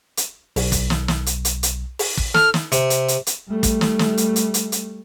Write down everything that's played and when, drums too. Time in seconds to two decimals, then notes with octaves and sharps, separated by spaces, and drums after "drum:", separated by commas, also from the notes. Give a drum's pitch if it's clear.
0.17 drum: hi-hat
0.56 B1, drum: open hi-hat
0.72 drum: kick, hi-hat
0.90 drum: snare
1.08 drum: snare
1.26 drum: hi-hat
1.45 drum: hi-hat
1.63 drum: hi-hat
1.99 drum: open hi-hat
2.17 drum: kick
2.34 A4 F6, drum: snare
2.54 drum: snare
2.72 C3, drum: hi-hat
2.90 drum: hi-hat
3.08 drum: hi-hat
3.27 drum: hi-hat
3.49 G3 A3
3.63 drum: kick, hi-hat
3.81 drum: snare
3.99 drum: snare
4.17 drum: hi-hat
4.36 drum: hi-hat
4.54 drum: hi-hat
4.72 drum: hi-hat